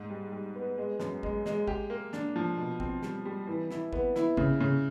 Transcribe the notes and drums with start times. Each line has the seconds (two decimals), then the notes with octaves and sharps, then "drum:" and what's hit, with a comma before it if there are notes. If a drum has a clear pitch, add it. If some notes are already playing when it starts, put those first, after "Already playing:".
Already playing: G#2
0.10 G3
0.32 G3
0.55 B3
0.78 G#3
1.00 F#2, drum: snare
1.23 G#3, drum: kick
1.46 G#3, drum: snare
1.68 G4, drum: kick
1.90 A#3
2.13 D4, drum: snare
2.36 F3
2.57 B2
2.80 C4, drum: kick
3.03 G3, drum: snare
3.25 G3
3.47 E3
3.71 E4, drum: snare
3.93 B3, drum: kick
4.16 E4, drum: snare
4.37 C#3, drum: kick
4.60 C#3